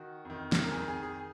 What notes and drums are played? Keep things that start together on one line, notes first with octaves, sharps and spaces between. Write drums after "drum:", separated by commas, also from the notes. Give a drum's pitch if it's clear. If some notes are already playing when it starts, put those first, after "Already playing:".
Already playing: D#3 F#4
F2 D#3
drum: snare
A#4
F2 D#3 G#4
G#4
G#4